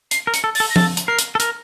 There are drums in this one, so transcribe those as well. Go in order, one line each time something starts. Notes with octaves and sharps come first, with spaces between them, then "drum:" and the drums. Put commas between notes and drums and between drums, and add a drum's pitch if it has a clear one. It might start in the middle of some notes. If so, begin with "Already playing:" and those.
C7, drum: hi-hat
A#4
C#7, drum: hi-hat
A4
A6, drum: open hi-hat
A4
A#6
A4 A6, drum: tom F3
drum: hi-hat
A#4 C7
drum: hi-hat
A4
A#4, drum: hi-hat